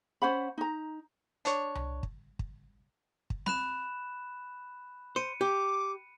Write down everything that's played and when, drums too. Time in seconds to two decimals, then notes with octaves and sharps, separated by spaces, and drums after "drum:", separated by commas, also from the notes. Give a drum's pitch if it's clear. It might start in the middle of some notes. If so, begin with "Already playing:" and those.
0.22 C#4 C5 F#5 B5
0.58 D#4 A#5
1.45 D4 C#5, drum: hi-hat
1.75 drum: tom C2
2.03 drum: kick
2.39 drum: kick
3.30 drum: kick
3.46 B5 F#6 E7, drum: snare C4
5.16 C5 C#7 D#7
5.41 G4 D6